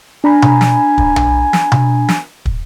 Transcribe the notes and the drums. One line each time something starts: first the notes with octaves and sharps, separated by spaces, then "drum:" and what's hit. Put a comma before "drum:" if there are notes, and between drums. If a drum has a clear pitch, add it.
D4 G#5 A#5 B5
drum: tom B2
drum: snare
drum: kick
drum: tom B1
drum: snare
drum: tom B2
drum: snare
drum: kick